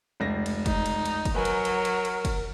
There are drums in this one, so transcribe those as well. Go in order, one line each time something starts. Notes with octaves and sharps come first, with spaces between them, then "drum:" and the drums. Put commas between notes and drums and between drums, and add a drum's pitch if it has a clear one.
F1 C#2 A#6
drum: cymbal
D#4, drum: kick, cymbal
drum: cymbal
drum: cymbal
drum: kick, cymbal
F#3 A#4 B4 G#5
drum: cymbal
drum: cymbal
drum: cymbal
drum: cymbal
drum: kick, cymbal